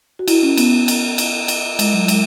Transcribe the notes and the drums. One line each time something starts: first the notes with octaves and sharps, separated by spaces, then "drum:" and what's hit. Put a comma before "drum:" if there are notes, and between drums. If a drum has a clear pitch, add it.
F#4
E4, drum: cymbal
C#4
B3, drum: cymbal
drum: cymbal
drum: cymbal
drum: cymbal
G#3, drum: cymbal
F#3
G#3, drum: cymbal